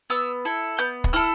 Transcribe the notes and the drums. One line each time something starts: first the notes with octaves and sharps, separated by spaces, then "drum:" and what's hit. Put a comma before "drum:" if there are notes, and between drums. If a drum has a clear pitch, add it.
B3 E6
E4 A4
B3 G6
drum: kick
E4 A4 F6